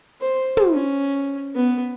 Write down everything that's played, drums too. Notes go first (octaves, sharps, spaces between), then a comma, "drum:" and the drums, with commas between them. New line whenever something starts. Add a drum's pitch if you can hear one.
C5
drum: tom
C#4
B3